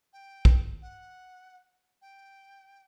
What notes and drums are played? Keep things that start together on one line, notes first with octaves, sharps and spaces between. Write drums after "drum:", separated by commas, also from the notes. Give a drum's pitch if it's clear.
G5
drum: kick
F#5
G5